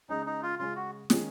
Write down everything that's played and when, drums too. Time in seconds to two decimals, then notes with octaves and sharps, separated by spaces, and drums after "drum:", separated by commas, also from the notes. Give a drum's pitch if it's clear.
0.09 C#3 G#3 C#4 D#4
0.26 D#4
0.43 F4
0.59 C#3 G#3 C#4 F4
0.76 F#4
1.10 D#3 G#3 C#4, drum: snare